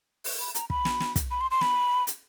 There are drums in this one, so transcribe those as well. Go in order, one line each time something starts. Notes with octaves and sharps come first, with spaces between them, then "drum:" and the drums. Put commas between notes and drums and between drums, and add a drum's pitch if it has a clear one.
drum: open hi-hat
B5
A#5, drum: hi-hat
B5, drum: kick
drum: snare
drum: snare
drum: kick, hi-hat
B5
C6
C6
B5, drum: snare
drum: hi-hat